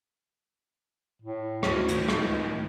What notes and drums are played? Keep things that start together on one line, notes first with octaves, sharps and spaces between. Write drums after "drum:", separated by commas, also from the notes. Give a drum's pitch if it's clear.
A2
D2 C#4 D#4, drum: rim click
A2 D#3, drum: hi-hat
C#2, drum: rim click